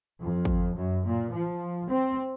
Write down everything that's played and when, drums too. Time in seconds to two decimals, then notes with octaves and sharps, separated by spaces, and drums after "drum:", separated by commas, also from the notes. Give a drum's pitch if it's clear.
0.20 F2
0.45 drum: kick
0.76 F#2
1.04 A#2
1.32 F3
1.88 C4